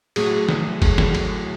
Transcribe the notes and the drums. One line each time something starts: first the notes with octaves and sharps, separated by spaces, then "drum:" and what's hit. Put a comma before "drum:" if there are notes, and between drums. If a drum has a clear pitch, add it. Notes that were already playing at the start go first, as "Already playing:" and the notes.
A2 F#3 A3 G#4, drum: cymbal
drum: snare
A2 F#3 A3, drum: kick F#1, cymbal
drum: snare
drum: cymbal